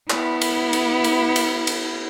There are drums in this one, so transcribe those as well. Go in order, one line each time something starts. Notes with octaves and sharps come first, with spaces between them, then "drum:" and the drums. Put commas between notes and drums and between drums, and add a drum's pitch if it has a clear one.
B3 E4, drum: clap
drum: cymbal
drum: cymbal
drum: cymbal
drum: cymbal
drum: cymbal